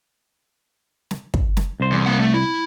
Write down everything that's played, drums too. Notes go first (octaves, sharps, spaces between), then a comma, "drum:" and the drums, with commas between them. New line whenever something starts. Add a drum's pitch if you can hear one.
drum: snare
drum: kick
drum: snare
C2 C5
E2
A#3 F#5
A3
E4